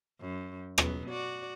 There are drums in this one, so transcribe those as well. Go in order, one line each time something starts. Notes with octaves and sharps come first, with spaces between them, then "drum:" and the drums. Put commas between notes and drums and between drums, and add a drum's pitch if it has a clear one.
F#2
B2 F#3 B3, drum: rim click
F#4 D5